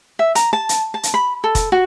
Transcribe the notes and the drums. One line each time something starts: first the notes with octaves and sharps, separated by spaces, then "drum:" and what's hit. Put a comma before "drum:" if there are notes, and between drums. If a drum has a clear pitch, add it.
E5
A#5, drum: hi-hat
A5
drum: hi-hat
A5
drum: hi-hat
B5
A4
drum: kick F1, hi-hat
F#4